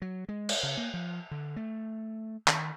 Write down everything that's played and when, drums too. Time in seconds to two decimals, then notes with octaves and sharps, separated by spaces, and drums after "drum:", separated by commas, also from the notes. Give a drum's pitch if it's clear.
0.02 F#3
0.29 G#3
0.49 drum: cymbal
0.63 C#3
0.77 A#3
0.94 F3
1.31 D3
1.56 A3
2.48 D#3, drum: clap